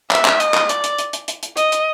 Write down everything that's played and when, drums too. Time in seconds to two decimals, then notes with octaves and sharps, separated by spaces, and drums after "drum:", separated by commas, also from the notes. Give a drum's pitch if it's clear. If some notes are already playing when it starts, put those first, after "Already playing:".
0.11 E5, drum: clap
0.25 drum: clap
0.40 D#5, drum: hi-hat
0.54 drum: clap
0.69 D5, drum: hi-hat
0.84 drum: hi-hat
0.99 drum: hi-hat
1.13 drum: hi-hat
1.28 drum: hi-hat
1.43 drum: hi-hat
1.57 D#5, drum: hi-hat
1.72 drum: hi-hat